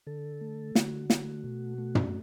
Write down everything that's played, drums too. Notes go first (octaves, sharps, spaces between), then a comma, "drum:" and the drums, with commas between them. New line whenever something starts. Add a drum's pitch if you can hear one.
D3 A4
A3
D3 F#4, drum: snare
A3, drum: snare
B2
A3
drum: tom